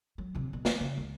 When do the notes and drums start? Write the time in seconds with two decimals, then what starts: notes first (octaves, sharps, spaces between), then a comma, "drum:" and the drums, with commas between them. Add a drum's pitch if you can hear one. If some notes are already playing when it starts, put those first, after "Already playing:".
0.18 F#3
0.35 D1 C3
0.53 B2
0.65 F3, drum: snare
0.80 C#3
0.98 C#2